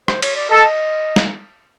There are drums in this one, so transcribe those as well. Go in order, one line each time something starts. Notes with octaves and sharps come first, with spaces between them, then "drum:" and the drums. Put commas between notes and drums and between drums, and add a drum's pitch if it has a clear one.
C5, drum: rim click
C#5, drum: cymbal
D5
A4 D#5
drum: snare